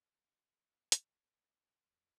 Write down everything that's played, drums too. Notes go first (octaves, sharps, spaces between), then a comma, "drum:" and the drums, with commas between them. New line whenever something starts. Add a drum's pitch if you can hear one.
drum: hi-hat
E2